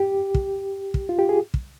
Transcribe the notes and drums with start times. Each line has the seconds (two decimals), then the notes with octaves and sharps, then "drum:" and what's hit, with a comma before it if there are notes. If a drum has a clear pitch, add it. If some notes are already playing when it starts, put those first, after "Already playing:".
Already playing: G4
0.34 drum: kick
0.94 drum: kick
1.09 F4
1.19 G4
1.29 G#4
1.54 drum: kick